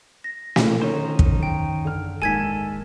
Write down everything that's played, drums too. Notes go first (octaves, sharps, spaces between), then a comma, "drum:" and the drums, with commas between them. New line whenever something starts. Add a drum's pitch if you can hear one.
A#6
drum: snare
D3 D#3 C#4 D#4 C5 C#5
drum: kick
F#2 G5
D3 F6
D#1 A#1 G#2 D#3 A4 G#5 G#6 B6